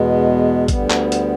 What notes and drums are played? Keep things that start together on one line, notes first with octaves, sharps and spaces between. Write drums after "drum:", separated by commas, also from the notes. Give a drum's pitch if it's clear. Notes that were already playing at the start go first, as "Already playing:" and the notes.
Already playing: E2 B2 G#3 B3
D2 D3 G3 B3, drum: kick A1, hi-hat
drum: clap
drum: hi-hat